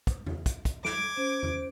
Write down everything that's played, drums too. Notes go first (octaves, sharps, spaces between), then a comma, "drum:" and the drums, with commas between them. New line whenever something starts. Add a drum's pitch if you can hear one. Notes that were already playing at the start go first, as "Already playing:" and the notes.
drum: kick, hi-hat
drum: tom E2
drum: kick, hi-hat
drum: kick, hi-hat
D6 G#6 D7, drum: snare
C#4 C5
drum: tom E2